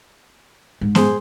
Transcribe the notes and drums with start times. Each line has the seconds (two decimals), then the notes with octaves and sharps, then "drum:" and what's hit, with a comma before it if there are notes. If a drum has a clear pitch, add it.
0.81 G#2
0.95 G#4 C5 C6, drum: snare B3